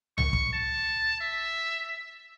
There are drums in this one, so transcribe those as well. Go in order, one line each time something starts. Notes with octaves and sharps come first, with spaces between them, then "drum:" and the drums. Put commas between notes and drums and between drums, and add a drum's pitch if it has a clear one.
C#6, drum: tom C2
drum: kick
A5
E5